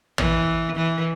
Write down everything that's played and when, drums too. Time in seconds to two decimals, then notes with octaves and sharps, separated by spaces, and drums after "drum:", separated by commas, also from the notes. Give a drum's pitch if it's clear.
0.18 E3, drum: tom
0.75 E3